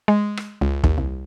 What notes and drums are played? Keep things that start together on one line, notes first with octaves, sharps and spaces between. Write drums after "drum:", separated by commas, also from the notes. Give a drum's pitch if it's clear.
G#3
drum: rim click
C#2
D#2, drum: kick
C2